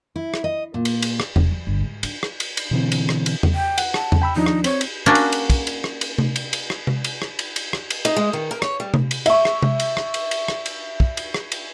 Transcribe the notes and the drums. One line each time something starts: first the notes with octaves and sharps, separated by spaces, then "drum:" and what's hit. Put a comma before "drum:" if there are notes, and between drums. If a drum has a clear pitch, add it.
E4
drum: rim click
D#5
A#2
drum: cymbal
drum: cymbal
drum: rim click
E1, drum: tom E2
F3
G1
G#2
D4, drum: cymbal
drum: rim click
drum: cymbal
drum: cymbal
B2 D3 E3 C4
drum: cymbal
drum: rim click
drum: cymbal
drum: tom E2
G5
F#5, drum: cymbal
A5, drum: rim click
drum: tom E2
G5 B5 E6
D#2 F3 D4 D#4
drum: rim click
C4 C#5, drum: cymbal
drum: cymbal
A#3 C#4 D4 F#4
drum: cymbal
drum: cymbal
drum: kick, cymbal
drum: cymbal
drum: rim click
drum: cymbal
drum: tom C3
drum: cymbal
drum: cymbal
drum: rim click
drum: tom C3
drum: cymbal
drum: rim click
drum: cymbal
drum: cymbal
drum: rim click
drum: cymbal
D#4, drum: cymbal
G#3
D#3
A#4
C#5, drum: rim click
G3
drum: tom C3
drum: cymbal
E5 C#6, drum: cymbal
drum: rim click
drum: tom C3
drum: cymbal
drum: rim click
drum: cymbal
drum: cymbal
drum: rim click
drum: cymbal
drum: kick
drum: cymbal
drum: rim click
drum: cymbal